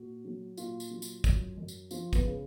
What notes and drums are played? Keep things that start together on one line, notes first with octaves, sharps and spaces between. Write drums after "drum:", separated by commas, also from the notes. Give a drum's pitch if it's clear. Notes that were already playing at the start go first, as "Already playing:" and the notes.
Already playing: A#2 F#4
F#3
A#2 F4, drum: tambourine
drum: tambourine
F#3
drum: tambourine
F#2, drum: kick, tambourine
F#2
drum: tambourine
F3 F4, drum: tambourine
B3, drum: kick, tambourine
C#3